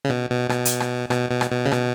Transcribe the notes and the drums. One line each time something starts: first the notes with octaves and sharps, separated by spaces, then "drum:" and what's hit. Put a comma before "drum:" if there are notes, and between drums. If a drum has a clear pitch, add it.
C#3
B2
B2
B2, drum: rim click
drum: hi-hat
drum: rim click
B2, drum: rim click
B2
drum: rim click
B2
C#3
B2, drum: rim click